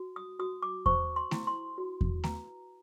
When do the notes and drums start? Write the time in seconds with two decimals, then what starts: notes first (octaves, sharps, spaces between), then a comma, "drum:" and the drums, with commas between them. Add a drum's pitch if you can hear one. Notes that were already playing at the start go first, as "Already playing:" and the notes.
Already playing: F#4
0.16 D#6
0.39 F#4 D#6
0.62 D6
0.86 C5 C#6, drum: kick E2
1.16 C6
1.31 E4, drum: snare A3
1.47 C6
1.78 F#4
2.01 drum: kick E2
2.24 B4 A#5, drum: snare A3